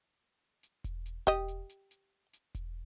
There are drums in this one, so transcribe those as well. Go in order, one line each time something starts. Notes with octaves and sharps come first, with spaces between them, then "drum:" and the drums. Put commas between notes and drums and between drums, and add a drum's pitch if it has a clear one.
drum: hi-hat
drum: kick E1, hi-hat
drum: hi-hat
G4 D#5, drum: kick E1, hi-hat
drum: hi-hat
drum: hi-hat
drum: hi-hat
drum: hi-hat
drum: kick E1, hi-hat